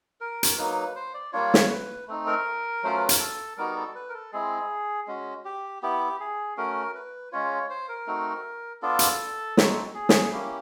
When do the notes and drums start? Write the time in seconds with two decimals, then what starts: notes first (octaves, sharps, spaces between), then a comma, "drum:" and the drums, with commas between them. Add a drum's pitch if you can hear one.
0.21 A#4
0.43 drum: hi-hat
0.58 F#3 A#3 D#4 B4
0.96 C5
1.14 D5
1.33 G3 A#3 D4 F4 C#5
1.54 drum: snare
1.70 B4
2.08 A3 C4 D#4
2.27 A#4
2.83 F#3 A3 C#4 F4 C5
2.97 B4
3.09 A#4, drum: hi-hat
3.20 A4
3.58 G3 B3 D#4 F#4 A#4
3.76 A4
3.95 B4
4.09 A#4
4.14 A4
4.33 G#3 C4 E4 G#4
5.07 G#3 C#4 F#4
5.45 G4
5.83 B3 E4 G4
6.20 G#4
6.57 A3 C#4 F#4 A#4
6.95 B4
7.32 G#3 C#4 F4 C#5
7.70 C5
7.88 A#4
8.07 A3 C4 D#4 F#4
8.82 B3 D4 F4 A4
8.99 drum: hi-hat
9.57 G#3 C4 D#4 F#4, drum: snare
9.94 G#4
10.09 drum: snare
10.32 A#3 C#4 E4 G4